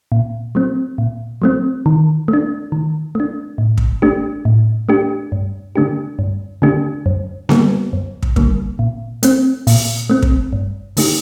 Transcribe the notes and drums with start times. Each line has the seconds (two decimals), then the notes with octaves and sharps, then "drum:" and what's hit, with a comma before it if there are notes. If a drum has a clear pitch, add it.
0.12 A#2
0.55 F#3 A3 C4
0.98 A#2
1.42 F#3 A3 C4
1.86 D#3
2.28 A3
2.33 D4
2.72 D#3
3.15 A3 D4
3.58 A2
3.78 drum: kick
4.02 A3 D4 G4
4.45 A2
4.89 A3 D4 G4
5.32 G2
5.76 D3 A3 D4 G4
6.19 G2
6.62 D3 A3 D4 G4
7.06 F#2
7.49 D3 G3 A#3, drum: snare B3
7.93 F#2
8.23 drum: kick
8.36 D3 G3 A#3, drum: kick
8.79 A#2
9.23 A3 C4, drum: hi-hat
9.67 A#2, drum: open hi-hat
10.10 A3 C4
10.22 drum: kick
10.53 G2
10.97 D3 A3 D#4 G4, drum: open hi-hat